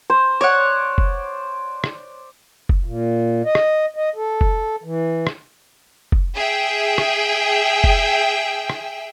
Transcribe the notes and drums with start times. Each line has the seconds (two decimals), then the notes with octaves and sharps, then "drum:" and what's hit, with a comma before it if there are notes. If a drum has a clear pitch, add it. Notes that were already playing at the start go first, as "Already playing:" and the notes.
0.10 C5
0.41 C#5 D5 F#5
0.98 drum: kick
1.84 drum: rim click
2.69 drum: kick
2.85 A#2
3.45 D#5
3.55 drum: rim click
3.97 D#5
4.16 A4
4.41 drum: kick
4.84 E3
5.27 drum: rim click
6.12 drum: kick
6.35 G#4 E5 G5
6.98 drum: rim click
7.84 drum: kick
8.70 drum: rim click